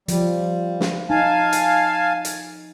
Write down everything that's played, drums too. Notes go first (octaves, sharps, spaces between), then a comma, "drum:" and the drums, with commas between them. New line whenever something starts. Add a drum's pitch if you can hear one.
F3 G3, drum: hi-hat
drum: snare
D#4 F5 G#5 A5
drum: hi-hat
drum: hi-hat